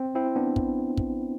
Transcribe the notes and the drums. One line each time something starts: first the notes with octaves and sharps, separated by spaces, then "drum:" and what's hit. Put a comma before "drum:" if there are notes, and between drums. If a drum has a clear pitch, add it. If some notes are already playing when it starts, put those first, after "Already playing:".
Already playing: C4
C4 E4
B3 D4
drum: kick
drum: kick